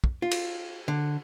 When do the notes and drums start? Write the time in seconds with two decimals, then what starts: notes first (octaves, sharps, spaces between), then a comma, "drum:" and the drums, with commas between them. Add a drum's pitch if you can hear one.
0.04 drum: kick
0.22 F4
0.31 drum: cymbal
0.88 D3